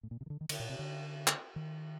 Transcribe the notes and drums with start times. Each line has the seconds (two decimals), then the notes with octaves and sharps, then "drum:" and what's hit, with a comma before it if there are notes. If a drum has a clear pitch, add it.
0.03 A2
0.11 A#2
0.21 C3
0.26 D#3
0.30 D3
0.41 D#3
0.49 D3, drum: cymbal
0.59 A#2
0.69 C3
0.79 D3
1.27 drum: clap
1.56 D#3